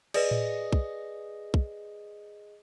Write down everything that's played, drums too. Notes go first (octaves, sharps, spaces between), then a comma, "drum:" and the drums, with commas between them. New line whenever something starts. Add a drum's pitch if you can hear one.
G#4 B4 D5 D#5, drum: cymbal
drum: tom A2
drum: kick
drum: kick